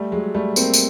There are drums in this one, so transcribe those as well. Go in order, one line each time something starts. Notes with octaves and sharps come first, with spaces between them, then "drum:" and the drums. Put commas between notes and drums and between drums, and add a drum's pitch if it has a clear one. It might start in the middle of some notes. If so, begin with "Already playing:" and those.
Already playing: G3 A3
F#3 G#3
G3 A3
A#3 C4, drum: tambourine
drum: tambourine